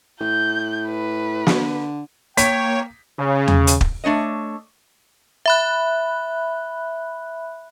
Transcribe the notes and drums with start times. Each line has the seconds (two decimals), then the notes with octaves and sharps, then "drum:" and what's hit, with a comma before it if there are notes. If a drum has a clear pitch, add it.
0.21 A2 G6
0.89 B4
1.47 D3, drum: snare
2.37 A#3 C#5 G5 B6, drum: hi-hat
3.19 C#3
3.48 drum: tom E2
3.67 drum: hi-hat
3.81 drum: kick
4.04 A3 D4 C#5 D#5
5.46 E5 B5 F#6